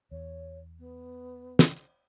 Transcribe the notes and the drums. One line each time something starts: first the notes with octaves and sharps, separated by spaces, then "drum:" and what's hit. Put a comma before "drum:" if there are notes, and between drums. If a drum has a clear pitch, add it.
E2 C#5
B3
drum: snare